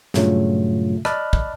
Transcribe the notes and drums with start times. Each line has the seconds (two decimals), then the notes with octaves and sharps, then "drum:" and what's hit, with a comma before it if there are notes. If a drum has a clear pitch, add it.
0.14 G2 A#2 C#3 F#3 A3 F4, drum: snare
1.05 D5 D#5 A5 B5 F6 F#6, drum: rim click
1.33 drum: kick